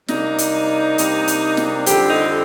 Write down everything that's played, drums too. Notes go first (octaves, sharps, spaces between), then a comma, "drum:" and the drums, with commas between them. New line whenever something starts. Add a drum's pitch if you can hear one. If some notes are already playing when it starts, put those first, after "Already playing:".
C3 G3 A#3 D4 D#4, drum: snare
drum: hi-hat
C3 G3 A#3 D4, drum: hi-hat
drum: hi-hat
drum: snare
F2 D3 G3 C4 G4, drum: hi-hat
D#4